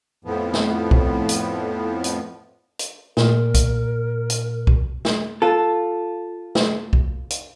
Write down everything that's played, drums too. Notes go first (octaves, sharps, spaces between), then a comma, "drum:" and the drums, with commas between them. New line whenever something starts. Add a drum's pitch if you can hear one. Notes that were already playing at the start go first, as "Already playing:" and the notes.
F2 A2 F3 B3
drum: snare
drum: kick B1
drum: hi-hat
drum: hi-hat
drum: hi-hat
A#2 A#4, drum: snare
drum: kick B1, hi-hat
drum: hi-hat
drum: kick B1
drum: snare
F4 A4
drum: snare
drum: kick B1
drum: hi-hat